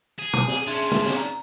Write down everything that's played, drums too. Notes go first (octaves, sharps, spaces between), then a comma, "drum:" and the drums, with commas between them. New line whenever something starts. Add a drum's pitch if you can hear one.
G#4
drum: tom
drum: snare
C#4 D4 G#4 E5 C6
drum: tom
drum: snare
A#5